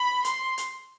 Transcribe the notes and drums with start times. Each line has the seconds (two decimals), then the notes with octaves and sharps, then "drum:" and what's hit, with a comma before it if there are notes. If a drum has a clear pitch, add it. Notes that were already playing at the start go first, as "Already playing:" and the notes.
Already playing: B5
0.25 C6, drum: hi-hat
0.58 drum: hi-hat